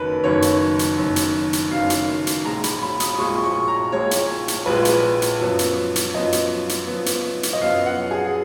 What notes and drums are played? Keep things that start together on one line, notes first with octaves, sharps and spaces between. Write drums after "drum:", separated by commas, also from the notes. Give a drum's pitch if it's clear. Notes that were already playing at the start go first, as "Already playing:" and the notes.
Already playing: F#1 F#2 D#3 A#4 B4
F#1 F#2 D#3 C#5
drum: hi-hat
drum: hi-hat
F#1 F#2 D#3
drum: hi-hat
drum: hi-hat
F#1 F#2 D#3 F5
drum: hi-hat
drum: hi-hat
A#1 A#2 G#3 A#5
B5, drum: hi-hat
B5
D#6, drum: hi-hat
A#1 A#2 G#3 C#6
C#6
A#5
A#1 A#2 G#3 C#5
drum: hi-hat
drum: hi-hat
A#1 A#2 G#3 B4
drum: hi-hat
drum: hi-hat
F#2 F3 B3
drum: hi-hat
drum: hi-hat
F#2 F3 B3 D#5
drum: hi-hat
drum: hi-hat
F#2 F3 B3
drum: hi-hat
drum: hi-hat
D#5
F#2 F3 B3 F5
F#5
G#4